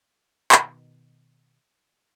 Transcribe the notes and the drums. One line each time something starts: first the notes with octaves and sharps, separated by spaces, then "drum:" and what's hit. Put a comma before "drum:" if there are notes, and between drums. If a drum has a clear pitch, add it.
B2 D#3, drum: clap